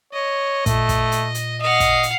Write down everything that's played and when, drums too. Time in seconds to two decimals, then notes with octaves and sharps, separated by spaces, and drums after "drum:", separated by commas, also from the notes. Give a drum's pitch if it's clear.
0.13 C#5 D#5
0.66 A#2 A3, drum: kick, hi-hat
0.89 drum: kick, hi-hat
1.12 drum: hi-hat
1.35 drum: hi-hat
1.61 D#5 F5 F#5
1.80 drum: kick, hi-hat
2.03 drum: hi-hat